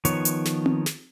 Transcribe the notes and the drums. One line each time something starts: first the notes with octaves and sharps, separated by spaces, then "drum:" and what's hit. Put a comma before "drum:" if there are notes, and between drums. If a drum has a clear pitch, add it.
D#3 F3 B3 C#5, drum: hi-hat
drum: hi-hat
drum: snare
drum: tom C4
drum: snare